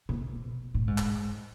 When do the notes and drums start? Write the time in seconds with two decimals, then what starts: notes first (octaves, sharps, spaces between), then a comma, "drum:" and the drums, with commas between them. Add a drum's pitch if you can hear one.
0.09 B2, drum: tom C3
0.74 A2
0.87 G#2
0.98 drum: clap